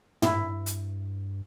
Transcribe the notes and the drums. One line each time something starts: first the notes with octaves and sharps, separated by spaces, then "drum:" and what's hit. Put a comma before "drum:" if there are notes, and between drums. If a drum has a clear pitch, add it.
G2 E4, drum: tom
drum: hi-hat